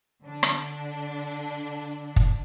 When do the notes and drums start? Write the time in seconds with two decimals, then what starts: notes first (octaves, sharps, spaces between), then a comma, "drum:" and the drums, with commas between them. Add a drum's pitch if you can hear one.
0.23 D3 D4
0.43 drum: rim click
2.16 drum: kick